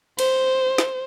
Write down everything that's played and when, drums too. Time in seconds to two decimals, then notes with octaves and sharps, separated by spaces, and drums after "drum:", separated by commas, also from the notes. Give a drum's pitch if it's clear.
0.19 C5, drum: cymbal
0.78 drum: snare